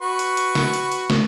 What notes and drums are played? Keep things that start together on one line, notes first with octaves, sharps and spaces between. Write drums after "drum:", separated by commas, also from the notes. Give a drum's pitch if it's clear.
F#4 B4 C#6
drum: hi-hat
drum: hi-hat
drum: snare
drum: hi-hat
drum: hi-hat
drum: snare